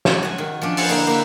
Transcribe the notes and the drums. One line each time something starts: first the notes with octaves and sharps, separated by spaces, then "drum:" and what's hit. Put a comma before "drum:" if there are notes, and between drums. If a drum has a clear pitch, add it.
drum: snare
F#4 G#5
D#3
F3 C#4 D4
G#4 A4 C5 F#5 A5 B5, drum: open hi-hat
D3 A#3 D#4 E4
A#3 B4